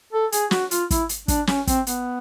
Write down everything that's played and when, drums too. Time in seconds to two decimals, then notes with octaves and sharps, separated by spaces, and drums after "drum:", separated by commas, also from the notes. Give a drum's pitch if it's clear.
0.13 A4
0.32 G#4, drum: hi-hat
0.51 F#4, drum: snare
0.71 F4, drum: hi-hat
0.91 E4, drum: kick, hi-hat
1.09 drum: hi-hat
1.28 D4, drum: kick, hi-hat
1.47 C#4, drum: snare
1.67 C4, drum: kick, hi-hat
1.87 B3, drum: hi-hat